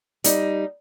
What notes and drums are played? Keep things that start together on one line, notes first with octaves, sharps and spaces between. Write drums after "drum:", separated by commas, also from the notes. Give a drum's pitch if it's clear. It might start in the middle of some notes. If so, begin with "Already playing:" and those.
G3 D#4, drum: hi-hat